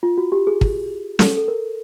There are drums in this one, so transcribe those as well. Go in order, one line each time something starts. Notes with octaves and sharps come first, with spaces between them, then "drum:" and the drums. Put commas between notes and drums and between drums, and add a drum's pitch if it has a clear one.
F4
F#4
G4
G#4
drum: kick
A4, drum: snare
A4
A#4